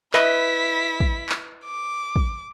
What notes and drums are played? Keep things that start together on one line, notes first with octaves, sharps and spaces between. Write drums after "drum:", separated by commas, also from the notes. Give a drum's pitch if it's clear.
E4 B4 D#5 E5 B6, drum: clap
drum: kick
drum: clap
D6
drum: kick